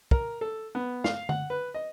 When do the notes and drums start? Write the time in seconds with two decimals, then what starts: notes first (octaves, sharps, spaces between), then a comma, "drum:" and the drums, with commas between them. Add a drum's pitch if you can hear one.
0.11 A#4, drum: kick
0.41 A4
0.75 B3
1.04 F5, drum: snare
1.29 F#5, drum: tom D3
1.50 B4
1.74 D#5